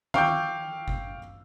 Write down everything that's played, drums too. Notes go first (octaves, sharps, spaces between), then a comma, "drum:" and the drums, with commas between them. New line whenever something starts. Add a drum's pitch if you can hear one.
F5 G5 C#6 D6 E6 G6, drum: tom D#3
drum: kick G1